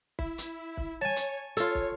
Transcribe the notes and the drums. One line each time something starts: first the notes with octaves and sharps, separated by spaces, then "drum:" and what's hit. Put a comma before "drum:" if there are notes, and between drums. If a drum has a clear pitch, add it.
E4, drum: kick
drum: hi-hat
drum: kick
C#5 G#5 A5
drum: hi-hat
F4 A4 C#5, drum: hi-hat
drum: kick